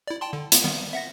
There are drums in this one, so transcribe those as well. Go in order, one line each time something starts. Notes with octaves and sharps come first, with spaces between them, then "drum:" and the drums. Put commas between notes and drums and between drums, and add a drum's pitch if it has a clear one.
E4 D5
G5 A5 C6
D3
B3 F4, drum: hi-hat
D#3 G3 B3
E5 F#5 A#6